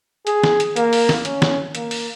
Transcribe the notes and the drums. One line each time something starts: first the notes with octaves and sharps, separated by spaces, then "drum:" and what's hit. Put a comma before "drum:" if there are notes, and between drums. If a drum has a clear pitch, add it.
G#4, drum: hi-hat
drum: snare
drum: hi-hat
A#3, drum: hi-hat
drum: open hi-hat
drum: snare
C#4, drum: hi-hat
drum: snare
A#3, drum: hi-hat
drum: open hi-hat